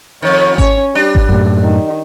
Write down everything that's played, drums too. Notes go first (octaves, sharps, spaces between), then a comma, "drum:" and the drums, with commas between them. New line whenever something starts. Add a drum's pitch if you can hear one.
F2 G#2 D#3 C#5
C#4 C#5, drum: kick G#1
G3 D4
drum: kick G#1
F#2 A2
D#3